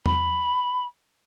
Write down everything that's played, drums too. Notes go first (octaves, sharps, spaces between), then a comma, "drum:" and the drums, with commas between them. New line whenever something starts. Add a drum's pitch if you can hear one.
B5, drum: tom E2